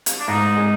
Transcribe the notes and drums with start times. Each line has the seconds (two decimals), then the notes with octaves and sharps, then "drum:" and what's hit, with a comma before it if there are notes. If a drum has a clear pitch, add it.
0.06 drum: hi-hat
0.20 D4
0.28 G#2 D#4
0.57 G#3